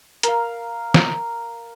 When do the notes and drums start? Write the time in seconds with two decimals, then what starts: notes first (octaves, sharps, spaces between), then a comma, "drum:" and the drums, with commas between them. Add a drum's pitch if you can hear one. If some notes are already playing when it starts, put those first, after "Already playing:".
0.23 A#4 F5, drum: hi-hat
0.94 drum: snare